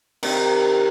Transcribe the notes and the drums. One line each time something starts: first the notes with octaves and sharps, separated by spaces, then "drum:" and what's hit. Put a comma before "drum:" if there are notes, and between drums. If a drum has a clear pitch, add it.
C3 D#3, drum: cymbal